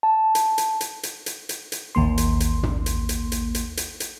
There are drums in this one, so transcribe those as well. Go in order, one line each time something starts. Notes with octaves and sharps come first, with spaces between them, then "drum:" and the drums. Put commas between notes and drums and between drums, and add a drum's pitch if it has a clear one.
A5
drum: hi-hat
drum: hi-hat
drum: hi-hat
drum: hi-hat
drum: hi-hat
drum: hi-hat
drum: hi-hat
A1 D#2 A#3 C6
drum: hi-hat
drum: hi-hat
drum: tom
drum: hi-hat
drum: hi-hat
drum: hi-hat
drum: hi-hat
drum: hi-hat
drum: hi-hat